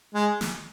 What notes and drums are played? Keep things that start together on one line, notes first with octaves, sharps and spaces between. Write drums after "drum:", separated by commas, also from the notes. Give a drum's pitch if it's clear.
G#3
drum: snare